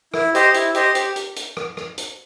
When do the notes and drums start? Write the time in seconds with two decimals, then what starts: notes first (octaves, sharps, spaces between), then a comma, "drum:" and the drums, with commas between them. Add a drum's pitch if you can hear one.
0.14 E4, drum: rim click
0.35 G4 C5 D#5, drum: hi-hat
0.54 E4, drum: hi-hat
0.75 G4 C5 D#5, drum: hi-hat
0.95 G4, drum: hi-hat
1.16 drum: hi-hat
1.36 drum: hi-hat
1.57 drum: rim click
1.77 drum: rim click
1.98 drum: hi-hat